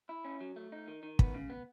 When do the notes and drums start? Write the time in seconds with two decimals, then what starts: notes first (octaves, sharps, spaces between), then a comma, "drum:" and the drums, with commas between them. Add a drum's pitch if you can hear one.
0.09 E4
0.25 C#4
0.41 F#3
0.56 A3
0.72 D#4
0.88 D#3
1.03 D#3
1.19 B3, drum: kick
1.34 C#3
1.49 B3